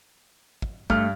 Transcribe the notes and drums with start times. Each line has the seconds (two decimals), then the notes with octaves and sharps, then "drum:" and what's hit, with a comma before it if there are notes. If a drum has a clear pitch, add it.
0.62 drum: kick
0.90 G2 A3 F6, drum: kick